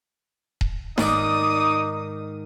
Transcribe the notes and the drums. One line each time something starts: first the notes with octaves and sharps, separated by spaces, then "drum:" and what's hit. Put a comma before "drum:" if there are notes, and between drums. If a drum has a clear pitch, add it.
drum: kick D#1
G#2 D#3 D#4 D5 D6 D#6, drum: snare D#4